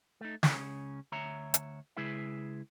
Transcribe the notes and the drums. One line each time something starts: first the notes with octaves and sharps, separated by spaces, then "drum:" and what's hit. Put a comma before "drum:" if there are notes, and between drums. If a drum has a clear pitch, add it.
A3 D#4
C#2 C#3 C#4, drum: snare
D2 C#5 E5 A#5
drum: hi-hat
C#3 G#3 E4 G#4 B4 E5